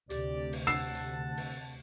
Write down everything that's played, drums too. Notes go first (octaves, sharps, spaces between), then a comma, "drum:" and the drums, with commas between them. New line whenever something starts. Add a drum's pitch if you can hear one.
D2 C3 G4 D5, drum: hi-hat
drum: open hi-hat
F#5 A5 E6 C7 E7
drum: hi-hat
drum: open hi-hat